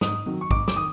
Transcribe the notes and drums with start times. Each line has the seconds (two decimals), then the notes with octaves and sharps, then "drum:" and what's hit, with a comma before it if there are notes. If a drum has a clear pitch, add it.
0.01 G#2 D#6, drum: snare
0.26 D#3 F#3
0.41 C#6
0.51 G#2 D6, drum: kick
0.68 D6, drum: snare
0.76 D#3 D#6